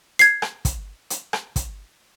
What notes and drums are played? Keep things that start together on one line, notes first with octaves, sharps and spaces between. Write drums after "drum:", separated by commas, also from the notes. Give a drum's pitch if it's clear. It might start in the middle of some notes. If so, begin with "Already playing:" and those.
G#6 C7, drum: hi-hat
drum: rim click
drum: kick, hi-hat
drum: hi-hat
drum: rim click
drum: kick, hi-hat